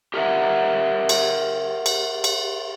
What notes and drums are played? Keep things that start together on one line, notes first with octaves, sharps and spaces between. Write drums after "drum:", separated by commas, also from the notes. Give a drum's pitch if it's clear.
G4 A#4 C5 E5 F#5
drum: cymbal
drum: cymbal
drum: cymbal